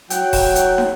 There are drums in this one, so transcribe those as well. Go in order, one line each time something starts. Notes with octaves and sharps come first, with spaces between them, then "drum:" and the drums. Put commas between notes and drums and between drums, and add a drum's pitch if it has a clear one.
F#3 F#5 G5, drum: hi-hat
drum: kick D#1, open hi-hat
drum: hi-hat
drum: snare